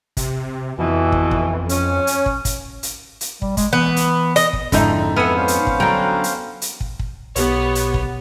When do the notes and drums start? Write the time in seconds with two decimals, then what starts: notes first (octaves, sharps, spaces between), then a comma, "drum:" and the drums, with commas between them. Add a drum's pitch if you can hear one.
0.17 C3, drum: kick, hi-hat
0.78 F2 B2 E3
1.12 drum: kick
1.31 drum: kick
1.69 C#4, drum: hi-hat
2.07 drum: hi-hat
2.26 drum: kick
2.45 drum: kick, hi-hat
2.83 drum: hi-hat
3.21 drum: hi-hat
3.42 G3, drum: kick
3.57 G#3, drum: kick, hi-hat
3.73 E3 B3
3.96 drum: hi-hat
4.36 D#5, drum: hi-hat
4.53 drum: kick
4.72 F2 G#2 D3 D#4 E4 A#5, drum: kick, hi-hat
5.16 B3 A4 E5 F#5 G#5 F6 D#7
5.36 C#4 C5 F5
5.48 drum: hi-hat
5.67 drum: kick
5.80 D3 F#3 G5 A#5
6.24 drum: hi-hat
6.62 drum: hi-hat
6.81 drum: kick
6.99 drum: kick
7.36 B1 B3 G4 C#5, drum: hi-hat
7.75 drum: hi-hat
7.94 drum: kick